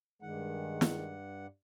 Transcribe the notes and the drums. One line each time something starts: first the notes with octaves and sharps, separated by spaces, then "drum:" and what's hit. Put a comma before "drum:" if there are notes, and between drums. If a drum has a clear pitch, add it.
G2 D#3 G#3 F#5
drum: snare